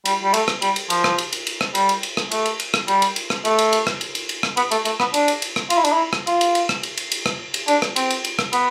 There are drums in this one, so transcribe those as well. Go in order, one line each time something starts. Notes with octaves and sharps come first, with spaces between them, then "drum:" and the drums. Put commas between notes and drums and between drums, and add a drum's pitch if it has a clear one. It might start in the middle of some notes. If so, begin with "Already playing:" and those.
G3, drum: cymbal
G3
A3, drum: cymbal
drum: rim click
G3, drum: cymbal
drum: cymbal
F3, drum: cymbal
drum: rim click
drum: cymbal
drum: cymbal
drum: cymbal
drum: rim click
G3, drum: cymbal
drum: cymbal
drum: cymbal
drum: rim click
A3, drum: cymbal
drum: cymbal
drum: cymbal
drum: rim click
G3, drum: cymbal
drum: cymbal
drum: cymbal
drum: rim click
A3, drum: cymbal
drum: cymbal
drum: cymbal
drum: rim click
drum: cymbal
drum: cymbal
drum: cymbal
drum: rim click
B3, drum: cymbal
A3, drum: cymbal
A3, drum: cymbal
B3, drum: rim click
D4, drum: cymbal
drum: cymbal
drum: cymbal
drum: rim click
F4, drum: cymbal
E4
D4, drum: cymbal
E4
drum: rim click
F4, drum: cymbal
drum: cymbal
drum: cymbal
drum: rim click
drum: cymbal
drum: cymbal
drum: cymbal
drum: rim click
drum: cymbal
D4, drum: cymbal
drum: rim click
C4, drum: cymbal
drum: cymbal
drum: cymbal
drum: rim click
B3, drum: cymbal